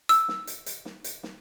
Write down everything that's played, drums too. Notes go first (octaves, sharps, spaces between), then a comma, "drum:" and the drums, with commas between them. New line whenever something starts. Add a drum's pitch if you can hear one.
E6, drum: hi-hat
drum: snare
drum: hi-hat
drum: hi-hat
drum: snare
drum: hi-hat
drum: snare